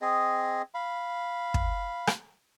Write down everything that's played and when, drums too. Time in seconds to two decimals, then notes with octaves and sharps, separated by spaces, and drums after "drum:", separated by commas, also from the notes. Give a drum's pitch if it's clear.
0.02 C4 G#4 D#5
0.74 F5 B5
1.54 drum: kick
2.07 drum: rim click